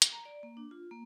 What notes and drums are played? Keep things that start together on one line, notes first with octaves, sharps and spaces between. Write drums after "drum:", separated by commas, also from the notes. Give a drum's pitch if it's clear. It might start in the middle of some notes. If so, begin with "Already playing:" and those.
drum: hi-hat
A#5
D5
A#3
D4
F4
A#3